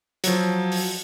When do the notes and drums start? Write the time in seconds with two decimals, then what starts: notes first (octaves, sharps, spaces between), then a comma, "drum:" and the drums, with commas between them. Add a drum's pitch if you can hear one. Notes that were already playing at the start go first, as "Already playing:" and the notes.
0.24 F3 F#3, drum: hi-hat
0.72 drum: open hi-hat